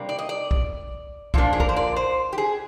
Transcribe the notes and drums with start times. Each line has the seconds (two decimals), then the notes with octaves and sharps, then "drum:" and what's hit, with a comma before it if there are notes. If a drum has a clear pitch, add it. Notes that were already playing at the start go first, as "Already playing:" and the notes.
Already playing: C3 G3 A#3 D4
0.09 D5
0.18 D#5
0.29 D5
0.51 drum: kick
1.34 A#2 F3 A#3 D4, drum: kick
1.53 G#4
1.60 A#4, drum: kick
1.69 C5
1.76 D5
1.96 C5
2.33 G4
2.38 G#4